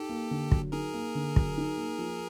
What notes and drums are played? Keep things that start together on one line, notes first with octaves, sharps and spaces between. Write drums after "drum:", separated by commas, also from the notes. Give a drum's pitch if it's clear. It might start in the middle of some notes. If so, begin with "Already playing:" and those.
Already playing: D#4 G4 A4
A#3
D3
F#3, drum: kick
D#4 G#4 A#4
A#3
D3
F#3, drum: kick
D#4
A#3
F3